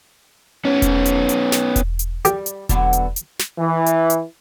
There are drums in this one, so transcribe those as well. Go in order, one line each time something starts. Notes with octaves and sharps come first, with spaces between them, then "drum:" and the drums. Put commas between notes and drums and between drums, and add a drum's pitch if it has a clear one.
B3 C#4
drum: kick E1, hi-hat
drum: hi-hat
drum: hi-hat
drum: snare
drum: kick E1, hi-hat
drum: hi-hat
G3 G4, drum: hi-hat
drum: hi-hat
D3 F#3 B3, drum: kick E1, hi-hat
drum: hi-hat
drum: hi-hat
drum: snare
E3
drum: hi-hat
drum: hi-hat